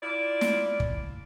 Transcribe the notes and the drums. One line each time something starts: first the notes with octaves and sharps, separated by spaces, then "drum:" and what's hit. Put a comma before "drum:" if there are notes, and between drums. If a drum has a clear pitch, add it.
E4 F4 D5
drum: snare
drum: kick